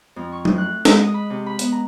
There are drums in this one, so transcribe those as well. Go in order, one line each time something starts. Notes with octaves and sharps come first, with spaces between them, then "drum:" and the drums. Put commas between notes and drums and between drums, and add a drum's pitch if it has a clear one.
F2
C#6
A2, drum: tom F#3
F#6
G#3, drum: snare
D#5
B5
C3
B5
B3, drum: hi-hat
A#5